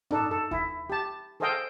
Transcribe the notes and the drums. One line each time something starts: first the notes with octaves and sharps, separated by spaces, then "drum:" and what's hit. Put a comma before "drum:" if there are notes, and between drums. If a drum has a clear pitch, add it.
D4 D#4 A4, drum: tom G2
A4
E4, drum: kick D#2
G4 A5
G#4 A4 C5 D#5 F5 G5